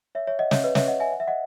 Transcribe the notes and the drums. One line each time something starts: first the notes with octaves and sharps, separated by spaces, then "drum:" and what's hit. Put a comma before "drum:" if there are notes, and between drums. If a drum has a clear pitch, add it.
C#5 E5
C#5 E5
D#5 F#5
C#5 E5, drum: snare
B4 D#5
C#5 E5, drum: snare
D#5 F#5
E5 G#5
F#5
E5
D#5 F#5